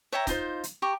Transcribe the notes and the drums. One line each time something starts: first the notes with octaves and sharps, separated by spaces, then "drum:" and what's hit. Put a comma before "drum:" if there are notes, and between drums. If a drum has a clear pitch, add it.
C#5 E5 G5 A#5
D#4 F4 C5, drum: kick, hi-hat
drum: hi-hat
G4 A#5 C#6